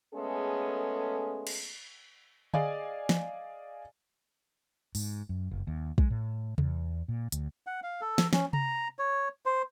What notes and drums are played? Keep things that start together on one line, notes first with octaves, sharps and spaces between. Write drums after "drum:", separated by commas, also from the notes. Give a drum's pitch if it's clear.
G#3 A3 B3 C#4 G#4 A4
drum: cymbal
G#4 D5 D#5 F5 G#5, drum: tom D3
drum: snare
G#2, drum: open hi-hat
F#2
F#1
D#2
G#3, drum: kick
A2
E2, drum: tom C3
A#2
D2, drum: hi-hat
F#5
F5
A4
drum: snare
C#4, drum: snare
A#5, drum: tom C3
C#5
C5